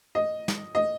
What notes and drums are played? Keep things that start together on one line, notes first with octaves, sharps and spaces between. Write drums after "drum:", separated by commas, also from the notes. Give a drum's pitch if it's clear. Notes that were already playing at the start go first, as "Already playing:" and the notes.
D#5
drum: snare
D#5